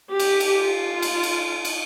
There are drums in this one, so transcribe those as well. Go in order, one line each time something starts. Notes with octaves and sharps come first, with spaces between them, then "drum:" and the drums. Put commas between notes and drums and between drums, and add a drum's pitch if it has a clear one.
G4
drum: cymbal
drum: cymbal
F4
drum: cymbal
drum: cymbal
drum: cymbal